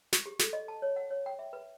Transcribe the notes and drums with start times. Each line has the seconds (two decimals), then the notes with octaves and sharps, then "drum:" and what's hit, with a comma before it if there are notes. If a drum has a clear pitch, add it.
0.13 C#6, drum: snare
0.26 G4
0.39 A4, drum: snare
0.53 D#5
0.68 A5
0.82 C#5
0.96 F#5
1.11 C#5
1.26 G5
1.39 E5
1.53 B4